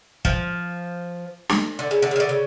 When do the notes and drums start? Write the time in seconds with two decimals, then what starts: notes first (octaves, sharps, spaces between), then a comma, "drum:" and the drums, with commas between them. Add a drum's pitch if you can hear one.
0.25 F3, drum: kick
1.49 drum: snare
1.79 D3
1.91 C#3
2.02 D3
2.11 C#3
2.16 D#3
2.20 D3
2.29 C#3